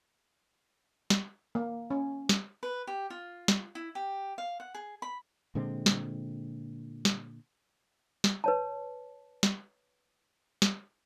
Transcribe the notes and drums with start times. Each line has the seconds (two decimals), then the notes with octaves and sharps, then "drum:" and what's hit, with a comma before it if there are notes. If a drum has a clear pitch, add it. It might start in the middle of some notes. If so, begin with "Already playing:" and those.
1.10 drum: snare
1.55 A#3
1.91 C#4
2.29 drum: snare
2.63 B4
2.87 G4
3.10 F4
3.48 drum: snare
3.75 E4
3.95 G4
4.38 F5
4.60 F#5
4.75 G#4
5.02 B5
5.55 A#2 D3 G#3 C4
5.86 drum: snare
7.05 drum: snare
8.24 drum: snare
8.44 B4 C#5 A5
9.43 drum: snare
10.62 drum: snare